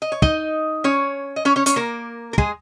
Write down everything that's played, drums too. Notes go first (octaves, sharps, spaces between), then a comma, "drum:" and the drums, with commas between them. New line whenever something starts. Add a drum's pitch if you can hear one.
D#5
C#5
D#4 D#5, drum: kick
C#4 C#5
D#5
C#4 C#5
C#4 C#5
C#4 C#5, drum: hi-hat
A#3 A#4
A#4
G#3 G#4, drum: kick